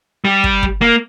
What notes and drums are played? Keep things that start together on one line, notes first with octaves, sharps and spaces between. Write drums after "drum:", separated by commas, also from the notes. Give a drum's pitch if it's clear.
G3
drum: kick
drum: kick
A#3